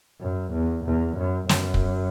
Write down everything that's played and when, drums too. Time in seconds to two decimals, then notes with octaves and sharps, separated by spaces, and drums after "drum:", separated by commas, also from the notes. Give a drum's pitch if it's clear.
0.21 F#2
0.53 E2
0.85 E2
1.17 F#2
1.49 F#2, drum: snare
1.74 drum: kick